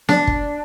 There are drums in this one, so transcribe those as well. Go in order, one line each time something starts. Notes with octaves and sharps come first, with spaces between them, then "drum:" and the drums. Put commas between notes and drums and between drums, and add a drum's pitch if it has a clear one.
D4, drum: snare B3
drum: kick